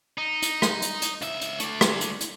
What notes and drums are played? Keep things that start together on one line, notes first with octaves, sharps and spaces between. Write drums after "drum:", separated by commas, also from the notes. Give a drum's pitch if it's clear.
D#4
drum: hi-hat
drum: rim click
drum: hi-hat
drum: hi-hat
C#2 E5, drum: hi-hat
drum: hi-hat
A3 D5, drum: hi-hat
drum: rim click
drum: hi-hat
drum: hi-hat